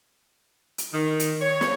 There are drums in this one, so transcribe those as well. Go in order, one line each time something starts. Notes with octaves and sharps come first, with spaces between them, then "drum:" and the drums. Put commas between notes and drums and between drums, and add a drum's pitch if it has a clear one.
drum: hi-hat
D#3
drum: hi-hat
C#5
drum: snare